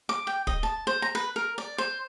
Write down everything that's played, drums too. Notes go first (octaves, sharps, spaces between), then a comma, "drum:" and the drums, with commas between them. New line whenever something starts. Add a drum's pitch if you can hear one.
D6
G5
D#5, drum: kick
A5
C5
A#5
B4
A#4
D5
C5